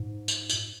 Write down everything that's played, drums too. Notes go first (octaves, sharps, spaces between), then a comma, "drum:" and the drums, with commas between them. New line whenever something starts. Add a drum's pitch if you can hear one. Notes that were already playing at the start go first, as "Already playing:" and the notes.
Already playing: G#2
drum: tambourine
drum: tambourine